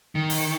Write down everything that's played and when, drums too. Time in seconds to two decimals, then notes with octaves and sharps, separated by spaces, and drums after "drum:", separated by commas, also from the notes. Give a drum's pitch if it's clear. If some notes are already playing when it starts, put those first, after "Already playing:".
0.15 D#3
0.30 drum: open hi-hat